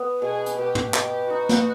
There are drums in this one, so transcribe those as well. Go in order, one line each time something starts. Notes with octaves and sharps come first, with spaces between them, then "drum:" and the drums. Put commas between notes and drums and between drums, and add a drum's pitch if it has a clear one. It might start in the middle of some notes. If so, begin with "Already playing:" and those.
Already playing: B3
B2 G#4
drum: hi-hat
B2 G4
drum: tom
B2 G4, drum: clap
D#4 F#4
drum: snare